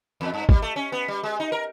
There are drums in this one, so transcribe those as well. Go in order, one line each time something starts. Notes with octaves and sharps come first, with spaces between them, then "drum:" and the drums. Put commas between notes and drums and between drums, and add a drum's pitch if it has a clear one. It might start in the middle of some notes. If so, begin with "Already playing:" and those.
E2
G2
G3, drum: kick G#1
A3
C#4
B3
G3
G#3
D#4
A#4